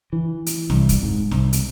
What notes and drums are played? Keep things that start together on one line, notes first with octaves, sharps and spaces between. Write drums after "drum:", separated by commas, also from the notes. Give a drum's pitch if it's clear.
E3
drum: hi-hat
C2, drum: snare
drum: kick, hi-hat
G#2
C2, drum: snare
drum: hi-hat